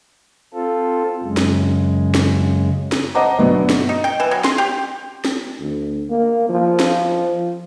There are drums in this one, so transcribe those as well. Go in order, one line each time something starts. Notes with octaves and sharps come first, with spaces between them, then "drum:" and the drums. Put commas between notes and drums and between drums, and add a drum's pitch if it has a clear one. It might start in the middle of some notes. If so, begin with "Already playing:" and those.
C4 F4 A4
F#2 C#3 G#3
drum: snare
drum: snare
drum: snare
C5 D#5 F#5 A5 A#5 D6
G1 B2 F#3 B3 D4 D5
drum: snare
D#4
G5
E3
F#3
C6, drum: snare
G4
drum: snare
D2
A#3
F3
drum: snare